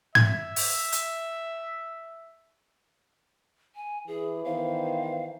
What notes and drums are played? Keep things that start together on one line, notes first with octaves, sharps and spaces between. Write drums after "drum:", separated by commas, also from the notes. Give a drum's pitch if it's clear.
E5 G#6, drum: tom G#2
drum: open hi-hat
drum: hi-hat
G#5
E3 G#4
D#3 B3 C5 F5